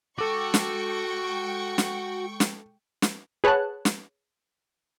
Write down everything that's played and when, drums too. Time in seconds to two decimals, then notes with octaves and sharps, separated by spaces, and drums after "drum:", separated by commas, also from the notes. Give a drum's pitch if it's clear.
0.19 G#3 F#4 A4 G5 C#6 D6
0.54 drum: snare
1.78 drum: snare
2.40 drum: snare
3.02 drum: snare
3.44 G#4 B4 C#5 F#5 A5 F#6
3.85 drum: snare